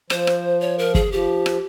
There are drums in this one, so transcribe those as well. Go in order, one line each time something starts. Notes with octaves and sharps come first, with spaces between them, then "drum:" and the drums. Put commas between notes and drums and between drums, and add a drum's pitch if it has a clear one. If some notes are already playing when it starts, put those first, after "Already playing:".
F3 C5, drum: rim click
drum: rim click
C#5
A#4
G#4, drum: kick
F3 G4
drum: rim click